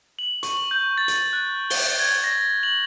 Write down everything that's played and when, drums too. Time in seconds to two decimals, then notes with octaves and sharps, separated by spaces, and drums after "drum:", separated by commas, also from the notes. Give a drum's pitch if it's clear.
0.19 F#7
0.43 C#6, drum: hi-hat
0.71 G6
0.98 A6
1.08 drum: hi-hat
1.33 F#6
1.70 G7, drum: open hi-hat
1.99 G#6
2.24 A#6
2.63 F#7